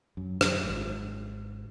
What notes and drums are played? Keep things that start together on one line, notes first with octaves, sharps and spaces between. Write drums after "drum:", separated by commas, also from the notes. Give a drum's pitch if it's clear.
F#2
F#2, drum: rim click
G#1 G#2